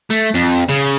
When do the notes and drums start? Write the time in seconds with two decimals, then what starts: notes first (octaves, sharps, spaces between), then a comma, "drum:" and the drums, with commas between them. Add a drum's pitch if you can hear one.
0.11 A3, drum: tambourine
0.35 F2
0.69 C#3